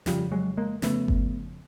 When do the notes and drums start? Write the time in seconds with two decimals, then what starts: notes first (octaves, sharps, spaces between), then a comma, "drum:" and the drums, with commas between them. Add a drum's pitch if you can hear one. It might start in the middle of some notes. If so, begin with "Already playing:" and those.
0.06 F2 C#3 F3 G3, drum: snare
0.32 F#3 G#3
0.57 G#3 A#3
0.82 F2 C#3 A3 B3, drum: snare
1.08 drum: kick G1